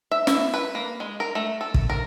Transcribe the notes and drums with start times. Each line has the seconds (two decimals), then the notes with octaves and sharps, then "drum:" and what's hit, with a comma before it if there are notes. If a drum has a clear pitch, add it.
0.11 E5
0.27 E4, drum: snare
0.54 B4
0.75 A#3
1.00 G#3
1.20 A#4
1.35 A3
1.61 A4
1.74 drum: kick
1.90 A#4